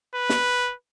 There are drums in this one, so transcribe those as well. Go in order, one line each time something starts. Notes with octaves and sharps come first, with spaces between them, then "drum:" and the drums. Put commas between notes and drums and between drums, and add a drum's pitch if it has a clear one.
B4
drum: snare